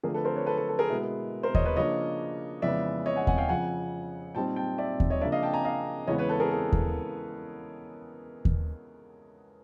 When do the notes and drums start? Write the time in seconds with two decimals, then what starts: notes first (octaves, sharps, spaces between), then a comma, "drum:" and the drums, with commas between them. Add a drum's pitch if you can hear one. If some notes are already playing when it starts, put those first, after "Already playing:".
0.03 D3 F3 A3 D4 G#4 A#4
0.14 A4 B4
0.25 A#4 C5
0.36 B4 C#5
0.46 A4 B4
0.58 A4
0.69 A4
0.79 G#4 A#4
0.90 B2 G#3 B3 E4
1.43 A#4 C5
1.55 C#5 D#5, drum: kick D#2
1.65 B4 C#5
1.76 C#3 F3 A#3 D4 C#5 D#5
2.62 F2 C#3 E3 G#3 B3 D5 E5
3.06 C#5 D#5
3.16 F#5 G#5
3.27 F#5 G#5, drum: kick D#2
3.38 F5 G5
3.49 F2 C#3 F3 F#5 G#5
4.35 A#2 G3 C4 D#4 G5 A5
4.56 G5 A5
4.78 D5 E5
5.00 drum: kick D#2
5.10 C#5 D#5
5.21 C#3 F3 A#3 D4 D5 E5
5.32 D#5 F5
5.43 G5 A5
5.53 G#5 A#5
5.65 D#5 F5
6.07 E2 C#3 E3 G#3 B3 C#5 D#5
6.18 B4 C#5
6.29 A4 B4
6.40 G#4 A#4
6.51 A4
6.73 drum: kick D#2
8.45 drum: kick D#2